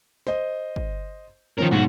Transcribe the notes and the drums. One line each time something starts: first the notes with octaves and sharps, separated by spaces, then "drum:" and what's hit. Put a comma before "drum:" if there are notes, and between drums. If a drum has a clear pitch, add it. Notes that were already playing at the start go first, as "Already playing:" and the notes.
C5 D#5, drum: snare
drum: kick
D#3 F3 C#4 A#4
B1 G#2 F#4